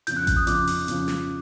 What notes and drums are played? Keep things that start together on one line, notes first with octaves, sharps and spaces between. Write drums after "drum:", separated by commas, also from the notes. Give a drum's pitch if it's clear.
F2 C#3 F3 G6, drum: hi-hat
F#6
F#6, drum: kick A1, hi-hat
D#6
F2 C#3 F3 D6, drum: hi-hat
drum: open hi-hat
F2 C#3 F3, drum: hi-hat
drum: snare